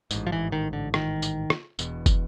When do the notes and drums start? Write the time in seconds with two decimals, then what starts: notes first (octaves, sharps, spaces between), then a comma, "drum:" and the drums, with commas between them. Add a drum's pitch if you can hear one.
0.11 A1 G#2, drum: tambourine
0.27 F3
0.32 E3
0.52 D#3
0.73 D3
0.94 D#3, drum: rim click
1.22 drum: tambourine
1.50 drum: rim click
1.79 E1 E2 B2, drum: tambourine
2.06 drum: kick, tambourine